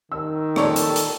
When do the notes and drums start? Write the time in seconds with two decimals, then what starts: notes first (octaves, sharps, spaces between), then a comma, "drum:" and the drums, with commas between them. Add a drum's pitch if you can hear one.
0.12 D#3 E6
0.56 A#2 A4 C#5 D5, drum: rim click
0.76 drum: hi-hat
0.96 drum: hi-hat